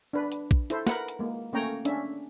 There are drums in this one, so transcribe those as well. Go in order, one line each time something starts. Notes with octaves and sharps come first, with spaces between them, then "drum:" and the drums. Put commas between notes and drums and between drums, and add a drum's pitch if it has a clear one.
D4 B4
drum: hi-hat
drum: kick
E4 A4 C5, drum: hi-hat
A#4 B4 F#5, drum: snare
drum: hi-hat
G#3 A#3
A3 A#3 C#4 C#5 G5 A#5
C#4 D4 E5, drum: hi-hat